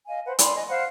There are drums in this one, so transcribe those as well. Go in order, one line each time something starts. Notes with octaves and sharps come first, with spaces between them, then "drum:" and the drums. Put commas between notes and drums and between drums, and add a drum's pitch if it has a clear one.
D#5 F5 G#5
B4 C5 F#5
D5 G#5 B5 C6, drum: hi-hat
D#5 G#5
C5 F5 F#5 F#6